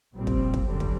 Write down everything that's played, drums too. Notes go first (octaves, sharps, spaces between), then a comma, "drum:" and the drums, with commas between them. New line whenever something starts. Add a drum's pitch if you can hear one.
A#1 A#2 G3 C4
drum: kick
drum: kick
F#2 D3 G3 C4
drum: kick